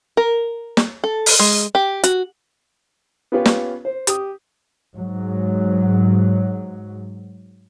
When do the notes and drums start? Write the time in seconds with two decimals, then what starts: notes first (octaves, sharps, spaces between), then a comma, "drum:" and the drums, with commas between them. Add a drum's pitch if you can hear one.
0.17 A#4
0.77 drum: snare
1.04 A4
1.26 drum: open hi-hat
1.39 G#3
1.75 G4
2.04 F#4, drum: hi-hat
3.32 B3 C#4 F4 G4 B4
3.46 drum: snare
3.85 C5
4.07 G4 D#6, drum: hi-hat
4.95 G#2 F#3